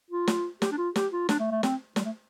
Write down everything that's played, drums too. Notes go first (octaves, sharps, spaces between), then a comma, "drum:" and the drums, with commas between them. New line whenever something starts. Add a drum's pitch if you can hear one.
F4
drum: snare
G4, drum: snare
D4
F4
G4, drum: snare
F4
D4, drum: snare
A3
A3
C4, drum: snare
G3, drum: snare
A3